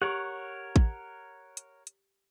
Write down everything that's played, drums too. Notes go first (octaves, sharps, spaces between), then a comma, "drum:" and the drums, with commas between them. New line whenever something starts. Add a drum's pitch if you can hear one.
G4 A#4 C#5 F#5
drum: kick A1
drum: hi-hat
drum: hi-hat